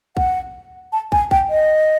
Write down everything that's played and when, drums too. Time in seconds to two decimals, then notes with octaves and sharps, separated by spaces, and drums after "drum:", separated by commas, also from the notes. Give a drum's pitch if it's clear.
0.17 F#5, drum: kick
0.93 A5
1.12 G#5, drum: kick
1.31 G5, drum: kick
1.50 D#5